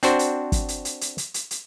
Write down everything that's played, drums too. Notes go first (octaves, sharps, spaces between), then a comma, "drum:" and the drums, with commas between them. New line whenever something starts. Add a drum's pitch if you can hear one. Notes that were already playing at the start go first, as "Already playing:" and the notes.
C4 D4 F#4 C5, drum: hi-hat
drum: hi-hat
drum: kick, hi-hat
drum: hi-hat
drum: hi-hat
drum: hi-hat
drum: hi-hat
drum: hi-hat
drum: hi-hat